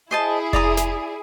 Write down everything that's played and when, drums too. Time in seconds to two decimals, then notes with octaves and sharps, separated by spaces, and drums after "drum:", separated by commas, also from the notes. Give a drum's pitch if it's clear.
0.11 E4 G#4 C5 D#5 A5
0.53 D5 A#5 D#6, drum: kick F1
0.77 drum: snare